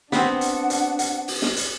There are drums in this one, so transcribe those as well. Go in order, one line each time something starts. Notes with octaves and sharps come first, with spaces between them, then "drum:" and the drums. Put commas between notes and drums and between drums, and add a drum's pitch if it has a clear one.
B3 C4 D4 F#5, drum: snare
drum: hi-hat
drum: hi-hat
drum: hi-hat
drum: open hi-hat
drum: snare
drum: hi-hat